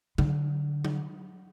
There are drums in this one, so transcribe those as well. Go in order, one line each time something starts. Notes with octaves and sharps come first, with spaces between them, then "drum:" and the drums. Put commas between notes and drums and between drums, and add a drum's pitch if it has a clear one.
D3, drum: tom F#3
drum: tom F#3